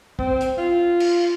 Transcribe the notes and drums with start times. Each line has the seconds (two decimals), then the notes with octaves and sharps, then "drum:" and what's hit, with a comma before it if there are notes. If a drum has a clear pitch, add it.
0.19 C4, drum: kick
0.41 drum: hi-hat
0.58 F4
1.00 drum: cymbal